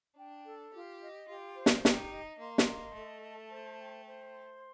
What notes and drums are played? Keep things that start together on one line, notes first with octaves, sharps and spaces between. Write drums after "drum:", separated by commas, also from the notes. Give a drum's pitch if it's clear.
D4 G5
A4
F4 G4
D#5
F4 G4
C5
drum: snare
D#4 G4, drum: snare
D#5
A#3 C6
drum: snare
D#5
A3 A4
A5
C5
G5
C5
C6